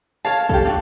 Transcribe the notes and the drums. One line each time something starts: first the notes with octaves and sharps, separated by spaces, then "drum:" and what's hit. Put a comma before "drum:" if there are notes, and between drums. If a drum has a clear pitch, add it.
A#4 C#5 F5 A5
G4 A4, drum: kick
D4 F4 F#4